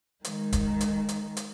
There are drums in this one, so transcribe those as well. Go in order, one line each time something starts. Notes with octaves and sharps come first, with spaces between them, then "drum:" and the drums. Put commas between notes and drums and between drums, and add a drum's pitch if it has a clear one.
D#3 G#3, drum: hi-hat
drum: kick D1, hi-hat
drum: hi-hat
drum: hi-hat
drum: hi-hat